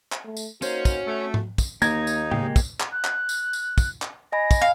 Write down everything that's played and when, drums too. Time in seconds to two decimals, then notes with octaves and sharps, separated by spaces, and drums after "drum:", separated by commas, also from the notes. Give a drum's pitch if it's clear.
0.12 drum: clap
0.24 A3
0.37 drum: tambourine
0.62 A#3 C#4 D#4 F#4 C5, drum: tambourine
0.85 drum: kick, tambourine
1.06 A3
1.34 drum: tom G#2
1.58 drum: kick, tambourine
1.82 D#2 A#3 D#4 A#5 G#6, drum: tambourine
2.07 drum: tambourine
2.31 C#3 G#3 A#3 G4, drum: tom A2
2.56 drum: kick, tambourine
2.80 drum: clap
2.92 F#6
3.05 drum: clap
3.29 drum: tambourine
3.53 drum: tambourine
3.78 drum: kick, tambourine
4.02 drum: clap
4.32 D#5 G#5 B5 A#6
4.51 drum: kick, tambourine
4.61 F5